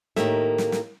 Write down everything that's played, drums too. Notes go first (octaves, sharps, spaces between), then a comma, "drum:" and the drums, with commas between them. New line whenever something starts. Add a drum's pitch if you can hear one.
A2 D#3 A#3 D#4 G4 E5, drum: snare
drum: snare
drum: snare